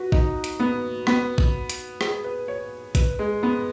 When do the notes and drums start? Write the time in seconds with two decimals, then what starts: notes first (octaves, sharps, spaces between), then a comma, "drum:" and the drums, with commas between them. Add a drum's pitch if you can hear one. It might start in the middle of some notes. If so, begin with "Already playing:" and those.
Already playing: F#4 B4
0.12 D#4, drum: kick
0.44 drum: hi-hat
0.60 B3
1.07 B3, drum: rim click
1.38 drum: kick
1.70 drum: hi-hat
2.01 G#4, drum: rim click
2.24 B4
2.48 C#5
2.95 B4, drum: kick, hi-hat
3.19 G#3
3.43 B3